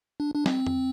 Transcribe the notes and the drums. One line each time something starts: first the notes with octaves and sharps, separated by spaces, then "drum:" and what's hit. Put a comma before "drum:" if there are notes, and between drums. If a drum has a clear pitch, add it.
D4
D4
C4, drum: snare
drum: tom E2